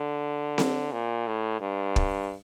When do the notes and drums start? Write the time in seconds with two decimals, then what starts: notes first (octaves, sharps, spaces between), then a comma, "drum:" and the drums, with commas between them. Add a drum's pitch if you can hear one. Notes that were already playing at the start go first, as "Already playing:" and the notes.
Already playing: D3
0.58 drum: snare C4
0.92 A#2
1.27 A2
1.61 G2
1.96 drum: kick